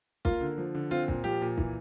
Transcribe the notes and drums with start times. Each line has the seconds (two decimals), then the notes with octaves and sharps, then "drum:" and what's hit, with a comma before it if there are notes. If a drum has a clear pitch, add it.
0.25 A#3 F4, drum: kick
0.41 D3
0.58 F3
0.75 D3
0.91 C4 F4
1.08 A#2, drum: kick
1.24 F3 G4
1.42 A#2
1.58 E3, drum: kick